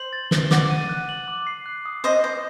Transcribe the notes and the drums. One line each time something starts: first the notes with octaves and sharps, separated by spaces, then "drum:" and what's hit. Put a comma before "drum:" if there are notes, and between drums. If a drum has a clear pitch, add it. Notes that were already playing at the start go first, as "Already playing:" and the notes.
Already playing: C5 F#7
A6
G7, drum: snare
D5 F#5 D6, drum: snare
D#7
F#6
F#7
D6
C7
F#6
D#6
C5 D#5 D#6
C5 A#6